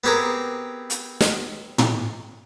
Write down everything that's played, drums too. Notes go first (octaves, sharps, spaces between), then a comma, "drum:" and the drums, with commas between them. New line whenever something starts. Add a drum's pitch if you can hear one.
B3 C4 G4 G#4 A#4
drum: hi-hat
drum: snare
drum: tom